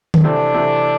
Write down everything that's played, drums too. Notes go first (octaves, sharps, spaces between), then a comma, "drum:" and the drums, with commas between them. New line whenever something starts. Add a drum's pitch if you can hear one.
drum: tom
C3 E3 A3 C4 D4
C3 E3 A3 C4